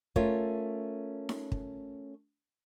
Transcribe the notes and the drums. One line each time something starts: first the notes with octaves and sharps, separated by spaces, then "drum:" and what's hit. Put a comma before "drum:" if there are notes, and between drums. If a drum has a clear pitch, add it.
A3 C#4 F4 A#4 C#5, drum: kick
drum: snare D#4
drum: kick